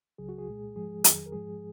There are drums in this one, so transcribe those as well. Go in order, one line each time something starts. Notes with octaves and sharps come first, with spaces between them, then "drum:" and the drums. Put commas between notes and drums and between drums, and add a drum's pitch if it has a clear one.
C#2 C#3 F#3 G#4
F#4
G#4
C2 A#2 G#3
G#2 F3 G#3 G#4
F2 D#3 F#3, drum: hi-hat
A#4
G#2 F3 G#3 G#4